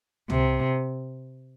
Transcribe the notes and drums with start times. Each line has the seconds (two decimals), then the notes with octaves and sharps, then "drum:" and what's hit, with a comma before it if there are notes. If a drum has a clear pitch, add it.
0.30 C3, drum: tom